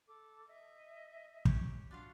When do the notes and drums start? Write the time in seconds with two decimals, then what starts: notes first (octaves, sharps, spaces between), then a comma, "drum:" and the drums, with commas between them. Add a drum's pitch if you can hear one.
0.07 A4 D6
0.47 D#5 E5
1.45 G4 C#5, drum: kick
1.91 D4 F4 F#4 F5